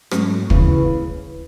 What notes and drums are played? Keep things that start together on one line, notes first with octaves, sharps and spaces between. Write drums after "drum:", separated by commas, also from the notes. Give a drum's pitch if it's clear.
G#2 F#3 A3 C#4, drum: rim click
C#3 E3 B3 E4 B4, drum: kick